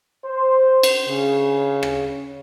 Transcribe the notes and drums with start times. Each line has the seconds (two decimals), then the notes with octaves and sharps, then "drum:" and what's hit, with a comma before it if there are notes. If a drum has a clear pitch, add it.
0.25 C5
0.83 drum: cymbal
1.07 C#3
1.83 drum: rim click